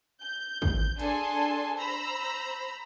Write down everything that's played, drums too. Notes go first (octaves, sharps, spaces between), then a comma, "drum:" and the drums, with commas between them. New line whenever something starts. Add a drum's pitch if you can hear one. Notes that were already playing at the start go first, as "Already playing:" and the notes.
G6
drum: kick
D4 G#4 A4 G#5 A5 C6, drum: hi-hat
C5 A#5 B5 E6